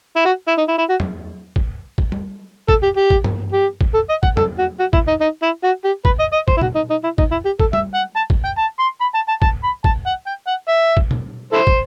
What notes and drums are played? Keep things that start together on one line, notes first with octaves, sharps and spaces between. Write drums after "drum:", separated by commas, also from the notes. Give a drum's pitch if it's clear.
E4
F#4
E4
D#4
E4
E4
F#4
drum: tom
drum: kick
drum: kick
drum: tom G3
A4, drum: kick
G4
G4
drum: kick
drum: tom G2
G4
drum: kick
A4
D#5
F#5, drum: kick
A4, drum: tom
F#4
F#4
E4, drum: kick
D#4
D#4
E4
F#4
G4
B4, drum: kick
D#5
D#5
C5, drum: kick
E4
F#4, drum: tom A#2
D#4
D#4
E4
D#4, drum: kick
E4
G4
A4, drum: kick
E5, drum: tom G3
F#5
A5
drum: kick
G5
A5
C6
B5
A5
A5
A5, drum: kick
B5
A5, drum: kick
F#5
G5
F#5
E5
drum: kick
drum: tom A#2
E4 A4 C5
drum: kick